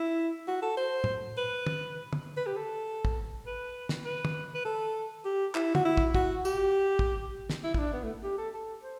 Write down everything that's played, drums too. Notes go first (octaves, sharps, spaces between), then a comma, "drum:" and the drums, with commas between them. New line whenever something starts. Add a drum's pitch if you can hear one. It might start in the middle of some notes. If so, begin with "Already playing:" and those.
Already playing: E4
F#4
A4
C5
drum: tom
B4
drum: tom
drum: tom
B4
G4
A4
drum: kick
B4
drum: snare
B4
drum: tom
B4
A4
G4
E4, drum: clap
F#4, drum: tom
E4
drum: kick
F#4, drum: kick
G4, drum: tambourine
drum: kick
drum: snare
E4
E4, drum: kick
D4
B3
A3
G4
A4
A4
C5